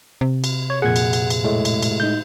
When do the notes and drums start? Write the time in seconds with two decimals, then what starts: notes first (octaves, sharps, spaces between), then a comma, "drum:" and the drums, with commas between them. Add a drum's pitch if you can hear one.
0.21 C3
0.44 drum: cymbal
0.70 C#5
0.82 F2 A#2 G#4 F#5 G#6
0.96 drum: cymbal
1.13 drum: cymbal
1.30 drum: cymbal
1.44 A2 G#3 A3
1.65 drum: cymbal
1.82 drum: cymbal
2.00 D#4 G6